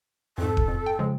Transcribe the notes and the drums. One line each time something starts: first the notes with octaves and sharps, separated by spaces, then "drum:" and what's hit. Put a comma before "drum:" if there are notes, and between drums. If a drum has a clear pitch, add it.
F2 G#2 A4
drum: kick D#1
F2
G5
C#3 F3 G#3